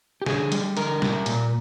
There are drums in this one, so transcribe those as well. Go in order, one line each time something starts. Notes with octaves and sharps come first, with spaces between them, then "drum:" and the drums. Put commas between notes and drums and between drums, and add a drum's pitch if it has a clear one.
G4
D3 G#4, drum: snare
G3, drum: hi-hat
D3 A#4, drum: hi-hat
G3, drum: snare
A#2, drum: hi-hat